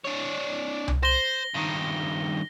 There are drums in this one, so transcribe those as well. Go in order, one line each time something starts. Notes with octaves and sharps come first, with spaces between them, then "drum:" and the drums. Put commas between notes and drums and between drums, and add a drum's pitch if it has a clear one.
D4 C#5
drum: tom C2
C5 A#6 G7
G2 D#3